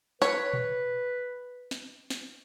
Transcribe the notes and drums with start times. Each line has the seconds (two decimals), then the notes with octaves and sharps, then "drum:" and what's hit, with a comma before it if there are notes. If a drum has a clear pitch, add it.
0.22 B4 C#5, drum: snare
0.53 drum: tom A#2
1.71 drum: snare
2.10 drum: snare